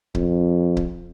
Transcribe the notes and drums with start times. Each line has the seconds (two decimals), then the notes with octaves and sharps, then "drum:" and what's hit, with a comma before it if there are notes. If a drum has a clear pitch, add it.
0.15 F2, drum: kick C#1
0.77 drum: kick C#1